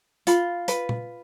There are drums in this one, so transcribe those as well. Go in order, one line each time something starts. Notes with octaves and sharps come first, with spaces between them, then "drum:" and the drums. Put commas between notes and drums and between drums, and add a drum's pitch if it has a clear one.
F4 B5, drum: hi-hat
B4, drum: hi-hat
drum: tom A#2